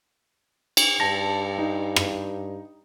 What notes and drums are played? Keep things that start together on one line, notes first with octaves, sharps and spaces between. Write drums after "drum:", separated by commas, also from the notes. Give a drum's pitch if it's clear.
drum: cymbal
G2 A5 A#6
D#4
drum: rim click